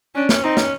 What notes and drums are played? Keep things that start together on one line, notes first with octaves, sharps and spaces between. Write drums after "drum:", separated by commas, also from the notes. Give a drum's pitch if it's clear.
C#4 D4
C#4, drum: snare
C4 D#4
C#4, drum: snare